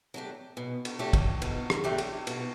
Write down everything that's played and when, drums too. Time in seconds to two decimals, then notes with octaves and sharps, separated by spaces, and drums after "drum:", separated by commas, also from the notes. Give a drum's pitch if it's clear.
0.14 F#3 A3 D4 G4
0.57 B2
0.85 drum: cymbal
0.99 F#3 A3 D4 G4
1.13 drum: kick, cymbal
1.42 B2, drum: cymbal
1.70 drum: rim click
1.84 F#3 A3 D4 G4
1.98 drum: cymbal
2.27 B2, drum: cymbal